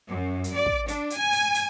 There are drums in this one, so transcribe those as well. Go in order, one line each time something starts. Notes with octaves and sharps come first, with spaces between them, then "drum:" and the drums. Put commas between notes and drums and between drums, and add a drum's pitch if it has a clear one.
F#2
drum: hi-hat
D5
drum: kick
D4, drum: hi-hat
drum: hi-hat
G#5
drum: hi-hat
drum: hi-hat